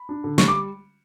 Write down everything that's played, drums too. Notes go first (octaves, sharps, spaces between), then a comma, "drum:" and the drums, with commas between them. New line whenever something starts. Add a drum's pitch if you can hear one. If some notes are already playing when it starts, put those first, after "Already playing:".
Already playing: B5
D4
D3
G3 C#6, drum: snare
D6